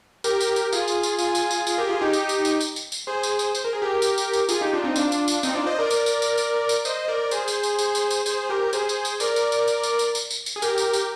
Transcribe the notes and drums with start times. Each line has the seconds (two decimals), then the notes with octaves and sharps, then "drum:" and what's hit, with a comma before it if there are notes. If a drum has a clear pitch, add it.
0.24 G4 A#4, drum: tambourine
0.41 drum: tambourine
0.56 drum: tambourine
0.73 F4 G#4, drum: tambourine
0.88 drum: tambourine
1.03 drum: tambourine
1.19 F4 G#4, drum: tambourine
1.35 drum: tambourine
1.51 drum: tambourine
1.67 F4 G#4, drum: tambourine
1.78 G4 A#4
1.89 F4 G#4
2.01 D#4 G4
2.13 drum: tambourine
2.29 drum: tambourine
2.45 drum: tambourine
2.61 drum: tambourine
2.76 drum: tambourine
2.92 drum: tambourine
3.07 G#4 C5
3.23 drum: tambourine
3.39 drum: tambourine
3.55 C5, drum: tambourine
3.64 A#4
3.73 G#4
3.82 G4 A#4
4.02 drum: tambourine
4.18 drum: tambourine
4.33 drum: tambourine
4.49 F4 G#4, drum: tambourine
4.61 D#4 G4
4.73 D4 F4
4.84 C4 D#4
4.96 D4 F4, drum: tambourine
5.12 drum: tambourine
5.28 drum: tambourine
5.43 C4 D#4, drum: tambourine
5.55 D4 F4
5.66 C5 D#5
5.79 A#4 D5
5.91 drum: tambourine
6.06 drum: tambourine
6.22 drum: tambourine
6.38 drum: tambourine
6.69 drum: tambourine
6.85 C5 D#5, drum: tambourine
7.08 A#4 D5
7.31 G#4 C5, drum: tambourine
7.48 drum: tambourine
7.63 drum: tambourine
7.79 G#4 C5, drum: tambourine
7.95 drum: tambourine
8.11 drum: tambourine
8.26 G#4 C5, drum: tambourine
8.49 G4 A#4
8.73 G#4 C5, drum: tambourine
8.89 drum: tambourine
9.05 drum: tambourine
9.20 A#4 D5, drum: tambourine
9.36 drum: tambourine
9.52 drum: tambourine
9.68 drum: tambourine
9.83 drum: tambourine
9.99 drum: tambourine
10.15 drum: tambourine
10.31 drum: tambourine
10.46 drum: tambourine
10.56 G#4
10.62 G4 A#4, drum: tambourine
10.78 drum: tambourine
10.93 drum: tambourine